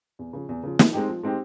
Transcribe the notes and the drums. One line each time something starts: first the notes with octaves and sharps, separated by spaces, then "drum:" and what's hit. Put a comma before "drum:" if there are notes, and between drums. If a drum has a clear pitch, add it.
E2
C#3 F3
E2
C#3 F3
F3, drum: snare
G#3 C4 D#4 G4
F3
G#3 C4 D#4 G4